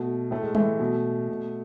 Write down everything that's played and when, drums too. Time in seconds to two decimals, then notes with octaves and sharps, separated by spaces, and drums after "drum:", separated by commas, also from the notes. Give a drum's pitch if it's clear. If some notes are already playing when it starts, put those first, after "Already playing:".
Already playing: B2 A3
0.31 A2 A3
0.42 G#3
0.55 E3 A3, drum: tom G3
0.80 B2
1.29 B2